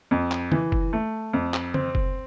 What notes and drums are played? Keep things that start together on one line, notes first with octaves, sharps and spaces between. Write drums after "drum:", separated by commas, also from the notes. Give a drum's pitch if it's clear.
F2
drum: clap
E3, drum: tom C#3
drum: kick F#1
A3
F2
drum: clap
C4, drum: tom C#3
drum: kick F#1